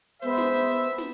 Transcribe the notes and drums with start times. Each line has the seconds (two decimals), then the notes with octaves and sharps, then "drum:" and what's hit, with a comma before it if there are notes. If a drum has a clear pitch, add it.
0.22 G#3 B3 C5 E5, drum: hi-hat
0.38 drum: snare
0.53 drum: hi-hat
0.68 drum: hi-hat
0.83 drum: hi-hat
0.98 drum: snare